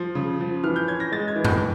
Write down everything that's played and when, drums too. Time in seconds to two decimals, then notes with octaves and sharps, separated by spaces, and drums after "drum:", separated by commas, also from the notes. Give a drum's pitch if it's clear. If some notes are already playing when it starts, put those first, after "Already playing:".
Already playing: F3
0.15 C#3
0.40 F3
0.64 E3 F6
0.76 G6
0.88 C#4 G#6
1.00 A#6
1.12 G#3 A6
1.28 G#6
1.36 E3
1.45 G6, drum: tom F#2